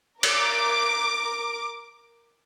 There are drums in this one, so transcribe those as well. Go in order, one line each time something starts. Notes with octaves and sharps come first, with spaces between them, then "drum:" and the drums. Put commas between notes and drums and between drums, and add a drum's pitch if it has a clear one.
A#4 D6, drum: cymbal